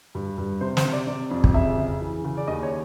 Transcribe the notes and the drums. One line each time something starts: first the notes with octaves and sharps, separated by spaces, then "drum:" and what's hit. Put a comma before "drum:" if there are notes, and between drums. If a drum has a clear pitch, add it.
G2
G2
C3 C5
C5, drum: snare
C3
D5
C3 D5
F2
drum: kick
C#3 E5
C#3
E3
C#3
D5
D#2 D#5
C#5